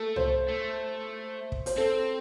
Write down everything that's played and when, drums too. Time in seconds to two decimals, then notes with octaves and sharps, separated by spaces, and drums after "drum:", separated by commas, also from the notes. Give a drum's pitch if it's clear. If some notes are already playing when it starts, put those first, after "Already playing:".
Already playing: A3 A4
0.16 C5, drum: tom
0.48 A3
1.52 drum: kick
1.66 C5, drum: hi-hat
1.78 C4 A4